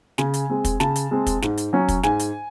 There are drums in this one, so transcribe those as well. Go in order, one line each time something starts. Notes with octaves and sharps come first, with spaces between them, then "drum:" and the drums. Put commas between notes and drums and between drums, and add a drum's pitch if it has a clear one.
C#3 G#5, drum: snare
drum: hi-hat
G#3 C4
drum: kick, hi-hat
C#3 A5, drum: snare
drum: hi-hat
G#3 C4
drum: kick, hi-hat
G#2, drum: snare
drum: hi-hat
F#3 C#4
drum: kick, hi-hat
G#2 G#5, drum: snare
drum: hi-hat